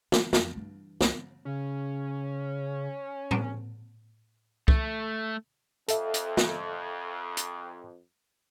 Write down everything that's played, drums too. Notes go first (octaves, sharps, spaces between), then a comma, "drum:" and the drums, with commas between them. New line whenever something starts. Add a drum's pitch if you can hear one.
D#3 F#3, drum: snare
F2 F3, drum: snare
G2 E3
C#2, drum: snare
C#3 C#4
drum: tom
A3, drum: kick C2
F2 A4 E5, drum: hi-hat
drum: hi-hat
drum: snare
drum: hi-hat